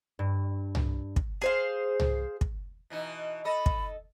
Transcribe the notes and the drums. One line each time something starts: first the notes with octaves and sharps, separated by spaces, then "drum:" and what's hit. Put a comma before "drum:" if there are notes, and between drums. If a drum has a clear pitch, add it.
G2
drum: tom C2
drum: kick
G#4 C5 F5
drum: tom C2
drum: kick
B2 E3 D#4
A4 D#5 B5
drum: kick